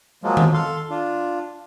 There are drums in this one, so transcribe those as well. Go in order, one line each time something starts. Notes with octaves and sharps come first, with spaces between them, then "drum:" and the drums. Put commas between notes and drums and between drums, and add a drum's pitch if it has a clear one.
F3 F#3 G#3 A#3
drum: tom D#3
A4 F5 C6
D4 F4